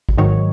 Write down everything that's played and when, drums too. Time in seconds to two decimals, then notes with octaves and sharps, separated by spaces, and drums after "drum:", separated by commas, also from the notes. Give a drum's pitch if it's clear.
0.09 drum: kick
0.18 G#2 D#3 F#3 C#5